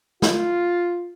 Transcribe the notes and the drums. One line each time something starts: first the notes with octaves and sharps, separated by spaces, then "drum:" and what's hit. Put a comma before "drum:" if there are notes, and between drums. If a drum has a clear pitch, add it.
F4, drum: snare